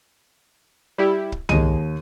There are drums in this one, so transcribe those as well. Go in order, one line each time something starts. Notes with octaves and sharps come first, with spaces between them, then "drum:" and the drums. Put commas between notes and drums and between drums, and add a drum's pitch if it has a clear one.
G3 E4 G4
drum: kick
D#2 G#3 D#7, drum: tom C2